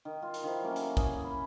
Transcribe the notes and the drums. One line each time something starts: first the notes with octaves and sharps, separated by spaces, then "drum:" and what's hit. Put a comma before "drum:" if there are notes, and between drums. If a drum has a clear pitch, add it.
D#3
F4
drum: hi-hat
D#3 F3 E4
F#3 A3 A#3 C#4
drum: hi-hat
G#4, drum: kick, hi-hat
B5